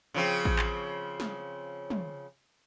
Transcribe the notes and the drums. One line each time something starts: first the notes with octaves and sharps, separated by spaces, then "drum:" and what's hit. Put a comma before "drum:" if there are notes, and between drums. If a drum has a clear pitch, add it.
C#3 F3 C4
drum: kick A1
drum: clap
drum: snare
drum: tom